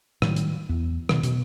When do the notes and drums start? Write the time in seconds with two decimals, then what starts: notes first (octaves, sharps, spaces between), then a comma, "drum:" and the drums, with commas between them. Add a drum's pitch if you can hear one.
0.22 A2 D#3 F#3 G3, drum: rim click
0.36 drum: hi-hat
0.69 E2
1.09 B2 D#3 F#3, drum: rim click
1.23 B2, drum: hi-hat